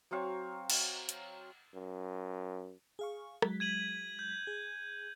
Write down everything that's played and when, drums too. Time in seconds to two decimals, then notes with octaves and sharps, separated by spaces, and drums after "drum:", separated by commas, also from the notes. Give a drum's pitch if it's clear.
0.11 F#3 C4 F5 C#6
0.70 drum: cymbal
1.09 drum: hi-hat
1.74 F#2
2.99 G#4 F5 C#6
3.42 F#3 G#3 B6, drum: rim click
3.60 G#6 D#7 F#7
4.19 G6
4.47 G#4